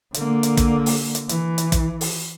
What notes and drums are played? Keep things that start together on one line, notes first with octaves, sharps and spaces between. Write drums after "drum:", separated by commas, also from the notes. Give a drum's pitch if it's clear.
D3 A#3, drum: hi-hat
drum: hi-hat
drum: kick, hi-hat
drum: open hi-hat
drum: hi-hat
E3, drum: hi-hat
drum: hi-hat
drum: kick, hi-hat
drum: open hi-hat